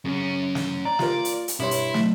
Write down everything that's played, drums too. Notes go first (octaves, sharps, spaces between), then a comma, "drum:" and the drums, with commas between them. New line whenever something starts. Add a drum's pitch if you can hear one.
F#2 C#3 C#4
drum: snare
D5 A#5
F4 A#4, drum: snare
drum: hi-hat
drum: hi-hat
G2 B2 E4 C#5 C6
drum: hi-hat
F#3 A3, drum: snare